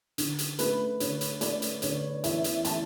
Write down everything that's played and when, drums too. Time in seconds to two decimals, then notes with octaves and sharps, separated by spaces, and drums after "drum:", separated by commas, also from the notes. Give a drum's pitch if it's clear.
0.18 D3, drum: hi-hat
0.39 drum: hi-hat
0.59 A3 B4, drum: hi-hat
1.00 D3 C#5, drum: hi-hat
1.21 drum: hi-hat
1.41 A3 D5, drum: hi-hat
1.62 drum: hi-hat
1.82 D3 C#5, drum: hi-hat
2.24 E2 E5, drum: hi-hat
2.44 drum: hi-hat
2.65 A3 A5, drum: hi-hat